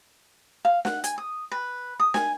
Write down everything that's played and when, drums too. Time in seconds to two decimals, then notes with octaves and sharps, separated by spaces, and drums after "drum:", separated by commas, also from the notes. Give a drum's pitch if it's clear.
0.65 F5
0.85 F#5, drum: snare
1.04 G#5, drum: hi-hat
1.18 D#6
1.52 B4
2.00 D#6
2.14 G#5, drum: snare